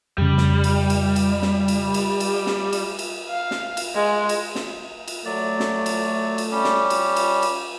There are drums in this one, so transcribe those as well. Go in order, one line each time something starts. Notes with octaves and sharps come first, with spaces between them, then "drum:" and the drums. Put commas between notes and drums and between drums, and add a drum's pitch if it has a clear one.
F2 C#3 G3
drum: snare
drum: cymbal
drum: cymbal
drum: cymbal
drum: snare
drum: cymbal
drum: cymbal
drum: cymbal
drum: snare
drum: cymbal
drum: cymbal
F5
drum: snare
drum: cymbal
G#3
drum: cymbal
drum: snare
drum: cymbal
F#3 A3 D5
drum: snare
drum: cymbal
drum: cymbal
G3 C#4 G4
drum: snare
drum: cymbal
drum: cymbal
drum: cymbal